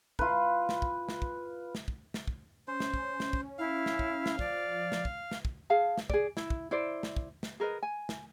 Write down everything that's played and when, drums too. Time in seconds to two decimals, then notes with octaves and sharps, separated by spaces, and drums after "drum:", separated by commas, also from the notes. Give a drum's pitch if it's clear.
0.19 F4 B4, drum: kick
0.69 drum: snare
0.82 drum: kick
1.09 drum: snare
1.22 drum: kick
1.75 drum: snare
1.88 drum: kick
2.14 drum: snare
2.27 drum: kick
2.68 C#4 C5
2.80 drum: snare
2.94 drum: kick
3.20 drum: snare
3.33 drum: kick
3.59 E4 F5
3.86 drum: snare
3.99 drum: kick
4.26 drum: snare
4.39 F3 D5, drum: kick
4.92 drum: snare
5.05 drum: kick
5.31 drum: snare
5.45 drum: kick
5.70 G#4 F5 A5
5.98 drum: snare
6.10 G#4 D5, drum: kick
6.37 E4, drum: snare
6.50 drum: kick
6.71 E4 C5 D5
7.03 drum: snare
7.16 drum: kick
7.43 drum: snare
7.60 G#4 A#4 B4 D#5
7.83 G#5
8.09 drum: snare